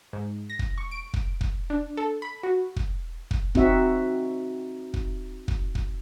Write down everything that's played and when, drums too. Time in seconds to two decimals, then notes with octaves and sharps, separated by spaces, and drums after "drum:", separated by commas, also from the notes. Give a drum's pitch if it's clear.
0.13 G#2
0.50 A#6
0.59 drum: kick
0.78 C#6
0.91 D7
1.14 drum: kick
1.41 drum: kick
1.70 D4
1.97 A4
2.22 B5
2.43 F#4
2.76 drum: kick
3.31 drum: kick
3.55 C4 D#4 F#4 E5, drum: kick
4.94 drum: kick
5.48 drum: kick
5.75 drum: kick